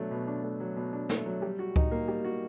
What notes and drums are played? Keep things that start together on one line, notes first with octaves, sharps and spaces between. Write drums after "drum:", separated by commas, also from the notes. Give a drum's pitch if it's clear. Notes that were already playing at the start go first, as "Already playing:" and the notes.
Already playing: B2 F#3 A3 D4
B2
D4
A3
F#3
B2
D4
A3, drum: snare
F#3
G3
F#4
D#4, drum: kick C#2
A#3
G3
F#4